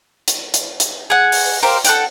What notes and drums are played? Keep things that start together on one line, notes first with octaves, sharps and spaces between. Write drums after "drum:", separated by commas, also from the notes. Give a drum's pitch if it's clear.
drum: hi-hat
drum: hi-hat
drum: hi-hat
G#4 F#5
drum: open hi-hat
G4 A#4 C5 F5
A4 F#5 G5, drum: hi-hat